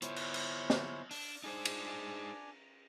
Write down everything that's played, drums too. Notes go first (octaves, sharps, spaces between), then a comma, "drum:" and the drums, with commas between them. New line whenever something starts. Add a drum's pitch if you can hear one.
B3 E4 F4 C5 C#5, drum: hi-hat
drum: cymbal
drum: cymbal
drum: snare
D4, drum: open hi-hat
D4 D#4 G#4 C5 G#5
drum: cymbal